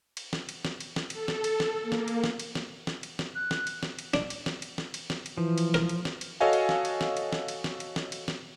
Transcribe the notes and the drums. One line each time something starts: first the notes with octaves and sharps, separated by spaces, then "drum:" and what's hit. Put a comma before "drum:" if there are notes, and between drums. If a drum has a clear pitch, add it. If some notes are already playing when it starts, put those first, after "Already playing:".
drum: cymbal
drum: snare
drum: cymbal
drum: snare
drum: cymbal
drum: snare
A4, drum: cymbal
drum: snare
drum: cymbal
drum: snare
A#3
drum: snare
drum: cymbal
drum: snare
drum: cymbal
drum: snare
drum: snare
drum: cymbal
drum: snare
F#6
drum: snare
drum: cymbal
drum: snare
drum: cymbal
D4, drum: snare
drum: cymbal
drum: snare
drum: cymbal
drum: snare
drum: cymbal
drum: snare
drum: cymbal
E3 F3
drum: cymbal
A#4, drum: snare
drum: cymbal
drum: snare
drum: cymbal
F#4 A4 C#5 D#5 F5 G#5
drum: cymbal
drum: snare
drum: cymbal
drum: snare
drum: cymbal
drum: snare
drum: cymbal
drum: snare
drum: cymbal
drum: snare
drum: cymbal
drum: snare